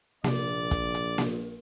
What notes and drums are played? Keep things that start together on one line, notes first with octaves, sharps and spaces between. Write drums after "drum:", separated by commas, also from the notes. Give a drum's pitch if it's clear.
A#1 C3 D5, drum: snare A#3
drum: kick, hi-hat
drum: hi-hat
drum: snare A#3